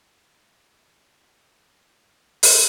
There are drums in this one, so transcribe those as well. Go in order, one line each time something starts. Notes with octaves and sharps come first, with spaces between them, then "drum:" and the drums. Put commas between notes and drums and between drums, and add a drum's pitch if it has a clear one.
C#3 F#3 F4 G4 A4 C#5
drum: open hi-hat